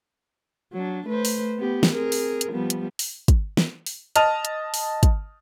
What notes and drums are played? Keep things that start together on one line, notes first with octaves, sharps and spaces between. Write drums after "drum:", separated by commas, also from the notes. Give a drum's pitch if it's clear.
F#3 D4
A3 B4 C5
drum: open hi-hat
B3 G4
drum: snare
C4 G#4 A#4
drum: open hi-hat
drum: hi-hat
F3 G3 B3
drum: hi-hat
drum: open hi-hat
drum: kick, hi-hat
drum: snare
drum: open hi-hat
D#5 A5 F6 D#7 F7, drum: hi-hat
drum: hi-hat
drum: open hi-hat
drum: kick, hi-hat